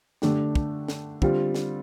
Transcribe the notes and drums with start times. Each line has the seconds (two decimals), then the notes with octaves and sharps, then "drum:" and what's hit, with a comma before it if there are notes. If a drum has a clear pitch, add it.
0.22 D3 A3 D4 G4, drum: snare
0.55 drum: kick
0.88 drum: snare
1.22 D3 G3 C4 F4, drum: kick
1.55 drum: snare